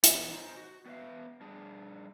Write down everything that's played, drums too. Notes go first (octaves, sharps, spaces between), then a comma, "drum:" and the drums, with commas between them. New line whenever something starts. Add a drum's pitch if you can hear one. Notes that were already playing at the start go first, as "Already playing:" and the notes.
E3 B3 D#4, drum: hi-hat
D#4 F4 G#4 C5 D#5
F#4
B3 B4 C5 E5 F5
G3 D4 G#4